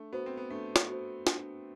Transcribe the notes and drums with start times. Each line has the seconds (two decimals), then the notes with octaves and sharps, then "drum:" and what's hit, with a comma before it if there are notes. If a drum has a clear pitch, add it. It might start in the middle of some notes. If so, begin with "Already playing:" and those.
Already playing: A3 D4
0.12 B3 F#4 C5
0.26 C4
0.37 B3
0.50 A3 D4
0.76 drum: snare
0.89 F#4 C5
1.27 D4, drum: snare